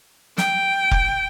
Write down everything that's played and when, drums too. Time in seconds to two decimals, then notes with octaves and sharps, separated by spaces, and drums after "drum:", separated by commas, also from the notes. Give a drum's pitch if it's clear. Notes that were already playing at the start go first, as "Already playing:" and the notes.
0.38 G5, drum: snare
0.91 drum: kick F1